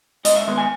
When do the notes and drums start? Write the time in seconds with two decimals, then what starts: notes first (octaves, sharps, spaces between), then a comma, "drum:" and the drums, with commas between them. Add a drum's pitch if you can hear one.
0.25 G#2 D#5, drum: hi-hat
0.36 E5
0.47 D#3 G#3 B3
0.58 G#5